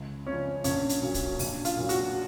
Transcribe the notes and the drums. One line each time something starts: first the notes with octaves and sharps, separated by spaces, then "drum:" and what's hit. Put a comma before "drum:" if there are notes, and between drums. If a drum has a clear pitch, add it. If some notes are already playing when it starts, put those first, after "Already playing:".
Already playing: C#2
C#3 F3 C#4
A#1 C#4, drum: hi-hat
drum: hi-hat
A#2 F#3
drum: kick, hi-hat
A#1, drum: open hi-hat
F4, drum: hi-hat
A#2 F#3
F#4, drum: hi-hat